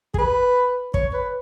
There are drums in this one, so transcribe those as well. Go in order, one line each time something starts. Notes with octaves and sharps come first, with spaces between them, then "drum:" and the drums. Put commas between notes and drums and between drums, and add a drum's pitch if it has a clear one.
G#4, drum: kick
B4
C#5, drum: kick
B4